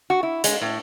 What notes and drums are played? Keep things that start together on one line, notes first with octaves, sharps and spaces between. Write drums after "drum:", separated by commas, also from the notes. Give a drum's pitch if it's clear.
F#4
E4
G#3, drum: hi-hat
A2